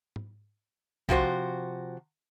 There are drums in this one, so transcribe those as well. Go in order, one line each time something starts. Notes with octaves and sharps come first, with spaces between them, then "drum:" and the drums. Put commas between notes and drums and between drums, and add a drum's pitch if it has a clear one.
drum: tom G#2
C3 F3 F#4 C5, drum: kick